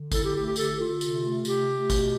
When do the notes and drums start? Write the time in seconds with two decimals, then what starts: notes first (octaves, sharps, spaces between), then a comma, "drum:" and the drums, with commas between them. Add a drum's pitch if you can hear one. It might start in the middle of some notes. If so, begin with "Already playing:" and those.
Already playing: D3
0.12 E4 A4, drum: kick G#1, tambourine
0.23 G4
0.34 A3 G4
0.45 G4
0.56 D3 A4, drum: tambourine
0.79 D3 F4
1.01 C3, drum: tambourine
1.23 A3
1.45 C3 G4, drum: tambourine
1.68 A3
1.90 B2, drum: kick G#1, tambourine